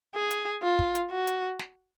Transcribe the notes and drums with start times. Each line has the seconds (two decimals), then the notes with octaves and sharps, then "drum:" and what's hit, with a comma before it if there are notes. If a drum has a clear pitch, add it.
0.15 G#4
0.31 drum: hi-hat
0.63 F4
0.79 drum: kick
0.95 drum: hi-hat
1.11 F#4
1.27 drum: hi-hat
1.59 drum: snare